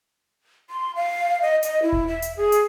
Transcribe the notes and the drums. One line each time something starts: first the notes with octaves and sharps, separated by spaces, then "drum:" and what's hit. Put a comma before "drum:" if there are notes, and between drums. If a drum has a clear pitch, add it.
C6
F5
D#5
D#5, drum: hi-hat
E4
drum: kick E1
E5
drum: hi-hat
G#4
drum: hi-hat